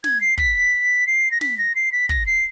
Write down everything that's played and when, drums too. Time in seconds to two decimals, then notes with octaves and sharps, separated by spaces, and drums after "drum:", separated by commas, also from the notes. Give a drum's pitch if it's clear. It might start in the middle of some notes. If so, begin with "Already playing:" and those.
0.04 G#6, drum: snare
0.21 C7
0.38 B6, drum: kick
1.07 C7
1.31 A#6
1.41 B6, drum: snare
1.58 A#6
1.76 C7
1.92 B6
2.09 A#6, drum: kick
2.26 C7